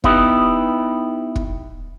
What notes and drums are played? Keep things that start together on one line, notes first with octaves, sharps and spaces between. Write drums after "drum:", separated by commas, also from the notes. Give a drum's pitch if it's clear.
B3 D#4 E4 G4, drum: kick
drum: kick